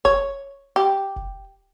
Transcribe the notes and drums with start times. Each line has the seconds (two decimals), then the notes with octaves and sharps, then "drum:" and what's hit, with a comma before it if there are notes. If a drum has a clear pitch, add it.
0.05 C#5, drum: kick F1
0.76 G4
1.16 drum: kick F1